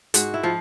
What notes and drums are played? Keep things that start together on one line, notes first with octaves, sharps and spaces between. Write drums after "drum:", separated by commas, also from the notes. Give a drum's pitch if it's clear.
G#2 F#4, drum: hi-hat
E4
F3 F4